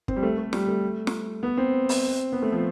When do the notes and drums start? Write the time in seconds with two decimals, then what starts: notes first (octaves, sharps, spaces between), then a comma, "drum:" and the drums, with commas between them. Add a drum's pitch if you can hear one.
0.08 C4, drum: kick
0.16 G3
0.23 A3
0.38 A3
0.53 G3, drum: snare
0.68 A3
1.07 drum: snare
1.43 B3
1.57 C4
1.89 drum: open hi-hat
2.32 B3
2.42 A3
2.52 F3